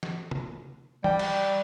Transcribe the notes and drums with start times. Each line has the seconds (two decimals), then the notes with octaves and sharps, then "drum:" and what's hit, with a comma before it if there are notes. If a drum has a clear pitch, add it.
0.03 drum: snare
0.31 drum: tom C3
1.04 G3 G5, drum: tom
1.19 drum: cymbal